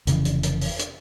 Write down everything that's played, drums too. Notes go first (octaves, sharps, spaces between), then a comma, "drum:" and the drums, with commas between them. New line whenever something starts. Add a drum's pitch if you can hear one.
F1 C#3 E3, drum: hi-hat
drum: hi-hat
drum: hi-hat
drum: open hi-hat
drum: hi-hat